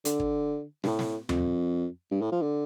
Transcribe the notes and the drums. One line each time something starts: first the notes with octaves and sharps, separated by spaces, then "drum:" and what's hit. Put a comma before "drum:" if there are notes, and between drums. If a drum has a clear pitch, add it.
D3, drum: hi-hat
drum: kick
G2, drum: snare
A2
drum: snare
F2, drum: tom D#2
G2
A2
F3
D3